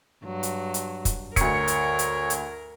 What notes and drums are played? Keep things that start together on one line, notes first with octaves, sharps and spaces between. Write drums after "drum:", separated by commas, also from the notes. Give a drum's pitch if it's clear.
G2 F#3
drum: hi-hat
drum: hi-hat
drum: kick, hi-hat
D2 A#4 C#5 C#7, drum: kick, hi-hat
drum: hi-hat
drum: hi-hat
drum: hi-hat